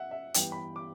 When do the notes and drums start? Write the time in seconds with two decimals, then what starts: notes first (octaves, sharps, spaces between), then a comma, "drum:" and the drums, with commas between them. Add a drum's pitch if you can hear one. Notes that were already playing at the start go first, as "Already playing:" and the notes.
Already playing: E5 F#5
0.11 E5
0.34 G2 E3 G3 B3 G5, drum: hi-hat
0.52 B5
0.76 D6